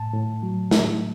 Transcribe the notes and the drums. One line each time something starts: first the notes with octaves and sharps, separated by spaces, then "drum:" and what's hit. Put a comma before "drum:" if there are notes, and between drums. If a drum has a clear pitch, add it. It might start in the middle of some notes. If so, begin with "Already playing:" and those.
Already playing: A2 A5
A2
F#3
A3, drum: snare